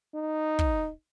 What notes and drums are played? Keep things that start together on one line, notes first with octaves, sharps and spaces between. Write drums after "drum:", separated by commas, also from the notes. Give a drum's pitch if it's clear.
D#4
drum: kick